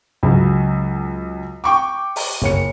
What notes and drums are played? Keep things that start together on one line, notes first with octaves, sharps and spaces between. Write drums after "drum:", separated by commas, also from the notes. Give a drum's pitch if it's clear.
C#2 F#3
G5 C#6 D6
drum: open hi-hat
F#1 C#5 C#7, drum: kick